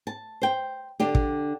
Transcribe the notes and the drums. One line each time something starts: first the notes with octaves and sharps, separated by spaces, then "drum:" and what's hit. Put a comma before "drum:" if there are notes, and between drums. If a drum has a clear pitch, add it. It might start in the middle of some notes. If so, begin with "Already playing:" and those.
A5
C5 G5
D3 D4 G4
drum: kick